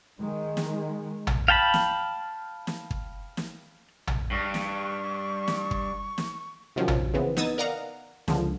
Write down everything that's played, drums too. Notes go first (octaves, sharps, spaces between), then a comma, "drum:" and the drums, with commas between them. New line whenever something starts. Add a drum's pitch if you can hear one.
D#3 G#3
drum: snare
drum: tom
F5 G5 A5 B5
drum: snare
drum: snare
drum: kick
drum: snare
drum: tom
G2 C#6
drum: snare
drum: snare
drum: kick
drum: snare
C3 D#3 F3 F#3 C#4
drum: tom
C#3 E3 B3 C4
B3 D#4 D#6 E6 G#6 A6, drum: snare
A#4 D5 D#5 F5 F#5 A#5
C#2 D3 F3, drum: snare